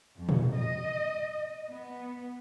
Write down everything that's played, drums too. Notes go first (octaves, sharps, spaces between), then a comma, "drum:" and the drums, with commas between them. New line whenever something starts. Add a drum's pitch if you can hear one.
F2
drum: tom
D#5
B3